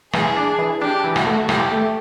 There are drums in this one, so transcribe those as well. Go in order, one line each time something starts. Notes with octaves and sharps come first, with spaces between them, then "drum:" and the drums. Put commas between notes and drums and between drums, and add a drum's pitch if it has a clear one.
E3 G#4, drum: rim click
D4
E3
D4 G4
E3
F#4, drum: rim click
A3
E3 G4, drum: rim click
A3